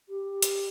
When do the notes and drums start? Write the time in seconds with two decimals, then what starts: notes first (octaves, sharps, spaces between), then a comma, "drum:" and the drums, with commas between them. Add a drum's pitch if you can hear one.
0.09 G4
0.42 drum: hi-hat